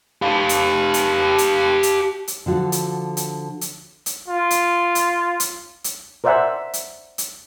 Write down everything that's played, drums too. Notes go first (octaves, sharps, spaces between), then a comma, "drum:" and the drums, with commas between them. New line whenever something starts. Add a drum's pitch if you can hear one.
G4 F5
drum: hi-hat
drum: hi-hat
drum: hi-hat
drum: hi-hat
drum: hi-hat
D3 F3 F#4
drum: hi-hat
drum: hi-hat
drum: hi-hat
drum: hi-hat
F4
drum: hi-hat
drum: hi-hat
drum: hi-hat
drum: hi-hat
A#4 C5 D5 E5 F#5 G#5
drum: hi-hat
drum: hi-hat